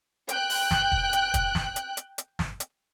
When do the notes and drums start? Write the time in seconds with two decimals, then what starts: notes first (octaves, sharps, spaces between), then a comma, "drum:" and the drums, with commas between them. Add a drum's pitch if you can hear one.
0.29 G5 F#6, drum: hi-hat
0.50 drum: open hi-hat
0.71 drum: snare
0.92 drum: kick
1.13 drum: hi-hat
1.34 drum: kick, hi-hat
1.55 drum: snare
1.76 drum: hi-hat
1.97 drum: hi-hat
2.18 drum: hi-hat
2.39 drum: snare
2.60 drum: hi-hat